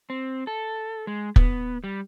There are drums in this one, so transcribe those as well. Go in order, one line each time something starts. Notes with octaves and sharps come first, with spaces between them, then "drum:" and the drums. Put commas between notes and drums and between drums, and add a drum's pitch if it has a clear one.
C4
A4
G#3
B3, drum: kick
G3